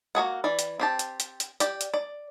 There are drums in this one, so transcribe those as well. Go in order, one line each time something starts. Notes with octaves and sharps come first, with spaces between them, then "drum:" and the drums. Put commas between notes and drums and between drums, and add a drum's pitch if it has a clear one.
A#3 F#4 G#4 F#5
E3 D5
drum: hi-hat
C4 G4 A5
drum: hi-hat
drum: hi-hat
drum: hi-hat
G4 D5, drum: hi-hat
drum: hi-hat
D5